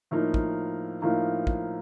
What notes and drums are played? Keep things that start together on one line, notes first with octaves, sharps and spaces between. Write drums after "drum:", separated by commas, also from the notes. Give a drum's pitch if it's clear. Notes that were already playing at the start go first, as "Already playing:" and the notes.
A2 F3 A#3 D#4
drum: kick
A2 F3 A#3 D#4
drum: kick